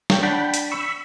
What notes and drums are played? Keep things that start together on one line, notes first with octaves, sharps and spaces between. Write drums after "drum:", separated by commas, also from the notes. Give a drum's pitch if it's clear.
C#5 G5, drum: snare
D4 F#5 G5 B5
drum: hi-hat
B5 C#6 E6